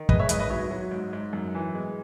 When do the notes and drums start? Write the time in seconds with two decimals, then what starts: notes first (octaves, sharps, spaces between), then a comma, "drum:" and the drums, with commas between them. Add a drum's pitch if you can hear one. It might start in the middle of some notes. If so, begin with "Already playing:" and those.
Already playing: D#3
0.09 G#3 B4 D#5, drum: kick
0.19 C#5 E5
0.29 G#2 B4 D#5, drum: hi-hat
0.40 B4 D#5
0.50 F#3 C#5 E5
0.71 F#3
0.91 G#2
1.13 G#2
1.33 F#2
1.55 E3
1.75 G#3